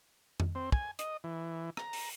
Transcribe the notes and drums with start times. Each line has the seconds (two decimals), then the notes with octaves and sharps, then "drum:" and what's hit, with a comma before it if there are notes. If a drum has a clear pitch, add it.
0.40 drum: tom F2
0.55 C4
0.72 G#5, drum: kick
0.99 D#5, drum: hi-hat
1.24 E3
1.77 A#5, drum: rim click
1.93 drum: open hi-hat